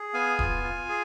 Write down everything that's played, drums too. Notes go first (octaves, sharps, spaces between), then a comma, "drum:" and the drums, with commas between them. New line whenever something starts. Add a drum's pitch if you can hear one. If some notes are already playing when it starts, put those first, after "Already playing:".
Already playing: G#4
B3 F5 G#5
F4, drum: kick D#1
F4
G#4